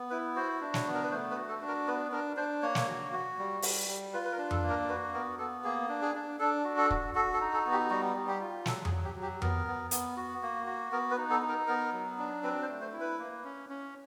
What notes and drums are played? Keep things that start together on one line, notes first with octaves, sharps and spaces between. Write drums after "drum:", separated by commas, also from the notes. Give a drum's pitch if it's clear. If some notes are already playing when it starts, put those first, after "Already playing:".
Already playing: B3
E4 B4
F#4 C5
D4
C#5, drum: snare
B3
A#4
B4
A3 C5
B4
F#4
A4
D4
A#4
B3 B4
D4 A#4
D4 C5
A#3 C#5
drum: snare
F#4
F#4
G3
G3, drum: open hi-hat
G3
F4 B4
B4
A#4
D4
A4, drum: tom F2
A#3
A#4
F#4 B4
B3 A#4
B3 A4
A#3 G#4
D4
G#4
D4
D4 A4
F#4
A4
F#4, drum: kick
F#4 A4
A4
D#4
A4
B3
G4
G3 F#4
G3
G4
F4
F#3 A4, drum: snare
G#4, drum: tom F2
F#3
G4
F#3
G4
B3 A#4, drum: tom F2
B3
B3, drum: hi-hat
F#4
A#3
F#4
B3 A#4
B4
D#4
A4
D#4
A#4
B3 A#4
F#3
D4
C4 B4
C5
A3
C5
E4
B4
A#3
C#4
C#4